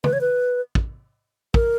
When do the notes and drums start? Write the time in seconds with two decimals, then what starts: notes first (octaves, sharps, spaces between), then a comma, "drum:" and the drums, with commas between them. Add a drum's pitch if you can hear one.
0.04 B4, drum: tom
0.13 C#5
0.21 B4
0.75 drum: kick
1.54 A#4, drum: kick